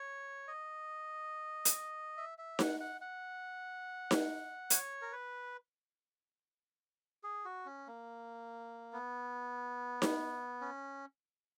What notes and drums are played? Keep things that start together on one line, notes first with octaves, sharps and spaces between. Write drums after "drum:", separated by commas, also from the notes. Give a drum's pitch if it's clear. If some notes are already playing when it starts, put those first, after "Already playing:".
Already playing: C#5
D#5
drum: hi-hat
E5
E5
F#5, drum: snare D#4
F#5
F#5
drum: snare D#4
C#5, drum: hi-hat
A#4
B4
G#4
F#4
C#4
A#3
B3
drum: snare D#4
C#4